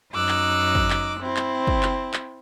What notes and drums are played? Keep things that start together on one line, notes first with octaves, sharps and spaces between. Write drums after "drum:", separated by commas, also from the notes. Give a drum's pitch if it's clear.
F#2 D#4 D6 E6 F#6
drum: clap
drum: kick
drum: clap
C4 E4
drum: clap
drum: kick
drum: clap
drum: clap